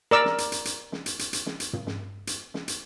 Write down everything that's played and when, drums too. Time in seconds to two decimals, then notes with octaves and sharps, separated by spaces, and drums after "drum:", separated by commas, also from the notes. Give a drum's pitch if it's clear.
0.11 A#4 D5 E6
0.25 drum: snare
0.38 drum: hi-hat
0.52 drum: hi-hat
0.65 drum: hi-hat
0.92 drum: snare
1.06 drum: hi-hat
1.19 drum: hi-hat
1.33 drum: hi-hat
1.46 drum: snare
1.60 drum: hi-hat
1.73 drum: tom
1.87 drum: snare
2.27 drum: hi-hat
2.54 drum: snare
2.68 drum: hi-hat